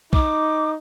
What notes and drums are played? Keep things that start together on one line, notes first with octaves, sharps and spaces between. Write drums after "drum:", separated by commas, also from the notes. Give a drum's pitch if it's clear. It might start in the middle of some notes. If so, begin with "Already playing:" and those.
D#4 D6, drum: kick